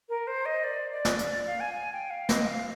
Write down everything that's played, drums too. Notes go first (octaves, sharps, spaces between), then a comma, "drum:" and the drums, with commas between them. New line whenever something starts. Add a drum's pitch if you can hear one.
A#4
C5
D#5
D5
D5
drum: snare
D5, drum: hi-hat
D5
F5
G#5
G#5
G5
F5
D#5, drum: snare
F5